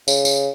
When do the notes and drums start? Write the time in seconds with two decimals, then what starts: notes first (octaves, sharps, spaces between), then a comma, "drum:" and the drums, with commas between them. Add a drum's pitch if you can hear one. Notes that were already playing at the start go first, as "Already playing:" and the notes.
0.08 C#3, drum: tambourine
0.25 drum: tambourine